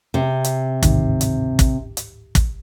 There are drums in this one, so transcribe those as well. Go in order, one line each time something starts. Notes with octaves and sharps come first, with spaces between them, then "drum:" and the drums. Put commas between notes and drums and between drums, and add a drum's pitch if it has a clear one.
C3
drum: hi-hat
D1 G#1 D#3, drum: kick, hi-hat
drum: hi-hat
drum: kick, hi-hat
drum: hi-hat
drum: kick, hi-hat